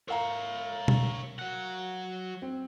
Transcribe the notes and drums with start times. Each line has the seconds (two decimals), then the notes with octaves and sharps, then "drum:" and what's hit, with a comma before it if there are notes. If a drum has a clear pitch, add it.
0.08 A#4 C#5 E5 F5 A#5
0.88 drum: tom B2
1.39 F#3 F#5
2.42 C4